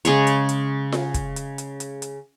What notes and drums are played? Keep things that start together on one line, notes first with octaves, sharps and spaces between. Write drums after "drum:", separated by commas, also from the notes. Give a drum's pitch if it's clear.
C#3 G#3 G#4 C#5, drum: hi-hat
drum: hi-hat
drum: hi-hat
drum: snare F4
drum: kick, hi-hat
drum: hi-hat
drum: hi-hat
drum: hi-hat
drum: hi-hat